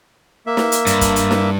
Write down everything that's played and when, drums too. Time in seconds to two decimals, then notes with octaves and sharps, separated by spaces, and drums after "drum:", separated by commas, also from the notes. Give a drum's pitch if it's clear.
0.46 A#3 E5
0.57 drum: snare
0.72 drum: hi-hat
0.87 G2, drum: hi-hat
1.01 drum: kick, hi-hat
1.16 drum: hi-hat
1.31 drum: snare